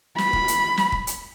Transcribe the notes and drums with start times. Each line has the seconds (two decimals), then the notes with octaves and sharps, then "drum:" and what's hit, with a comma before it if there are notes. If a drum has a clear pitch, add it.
0.18 B5, drum: snare
0.33 drum: kick
0.48 drum: hi-hat
0.77 drum: snare
0.92 drum: kick
1.07 drum: hi-hat